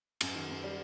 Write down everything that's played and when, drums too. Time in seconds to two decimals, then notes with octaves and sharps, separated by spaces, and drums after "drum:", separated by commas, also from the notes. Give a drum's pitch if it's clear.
0.21 F#2, drum: cymbal
0.34 D#3
0.49 F#2
0.63 G3